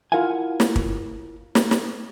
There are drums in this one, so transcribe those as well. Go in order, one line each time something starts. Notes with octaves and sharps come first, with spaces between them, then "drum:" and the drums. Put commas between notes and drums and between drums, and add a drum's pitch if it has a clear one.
E4 F4 A#4 F5 F#5 G#5
drum: snare
drum: kick
drum: snare
drum: snare